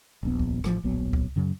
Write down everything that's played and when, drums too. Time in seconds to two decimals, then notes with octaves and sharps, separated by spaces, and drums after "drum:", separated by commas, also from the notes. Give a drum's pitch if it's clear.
0.23 D#1 A#1 B3
0.39 drum: kick C#2
0.64 A1 F3, drum: rim click
0.83 D1 A#1 F#3 B3
1.13 drum: kick C#2
1.36 F#2 C#3 F#3